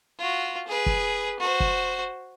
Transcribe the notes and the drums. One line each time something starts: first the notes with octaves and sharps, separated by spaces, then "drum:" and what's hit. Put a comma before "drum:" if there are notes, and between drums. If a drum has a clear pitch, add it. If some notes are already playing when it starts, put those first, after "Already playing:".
F4 F#4
G#4 B4
drum: kick
F#4 C5
drum: kick